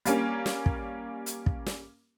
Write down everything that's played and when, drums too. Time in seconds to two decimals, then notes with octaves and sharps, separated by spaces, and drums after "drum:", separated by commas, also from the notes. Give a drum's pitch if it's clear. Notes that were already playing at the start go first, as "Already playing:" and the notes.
0.05 G3 A#3 C#4, drum: hi-hat
0.46 drum: snare
0.66 drum: kick
1.26 drum: hi-hat
1.46 drum: kick
1.66 drum: snare